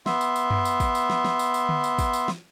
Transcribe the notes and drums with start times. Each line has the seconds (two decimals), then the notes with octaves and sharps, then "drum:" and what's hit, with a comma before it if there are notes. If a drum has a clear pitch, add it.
0.06 B3 E5 C6, drum: snare
0.21 drum: tambourine
0.36 drum: tambourine
0.50 drum: tom F#2
0.65 drum: tambourine
0.80 drum: kick, tambourine
0.95 drum: tambourine
1.10 drum: snare
1.24 drum: snare
1.39 drum: tambourine
1.54 drum: tambourine
1.69 drum: tom D3
1.84 drum: tambourine
1.99 drum: kick, tambourine
2.13 drum: tambourine
2.28 drum: snare